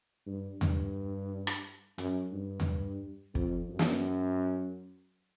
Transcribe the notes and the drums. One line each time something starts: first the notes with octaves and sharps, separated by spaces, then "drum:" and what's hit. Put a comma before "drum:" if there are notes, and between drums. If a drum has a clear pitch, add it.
G2
G2, drum: tom E2
drum: rim click
F#2, drum: hi-hat
G2
drum: tom E2
F2, drum: kick
F#2
drum: snare